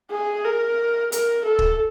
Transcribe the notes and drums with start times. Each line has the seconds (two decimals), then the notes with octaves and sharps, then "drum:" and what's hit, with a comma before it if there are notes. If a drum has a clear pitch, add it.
0.11 G#4
0.44 A#4
1.12 A#4, drum: hi-hat
1.45 A4
1.59 drum: kick